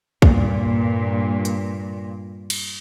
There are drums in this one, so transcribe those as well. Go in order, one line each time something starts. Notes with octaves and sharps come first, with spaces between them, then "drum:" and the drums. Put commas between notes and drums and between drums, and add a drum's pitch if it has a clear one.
G2 A#2, drum: kick
drum: hi-hat
drum: cymbal